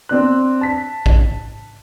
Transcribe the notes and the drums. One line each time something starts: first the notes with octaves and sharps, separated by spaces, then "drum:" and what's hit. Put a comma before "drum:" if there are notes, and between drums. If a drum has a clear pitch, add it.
C4 D4 F#6
A5 B6
drum: kick A1